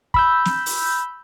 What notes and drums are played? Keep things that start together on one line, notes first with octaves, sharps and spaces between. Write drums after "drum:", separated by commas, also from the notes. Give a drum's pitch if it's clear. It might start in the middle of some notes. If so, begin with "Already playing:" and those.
B5 E6 G6, drum: kick
drum: snare
drum: open hi-hat